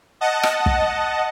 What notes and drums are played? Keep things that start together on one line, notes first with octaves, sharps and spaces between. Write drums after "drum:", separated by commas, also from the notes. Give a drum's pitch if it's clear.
D#5 F#5 A5
drum: rim click
drum: kick